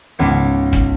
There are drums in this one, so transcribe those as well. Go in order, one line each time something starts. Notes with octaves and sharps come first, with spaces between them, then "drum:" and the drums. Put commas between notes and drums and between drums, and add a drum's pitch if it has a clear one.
C#2 G#2 B3 G#6 C#7
drum: kick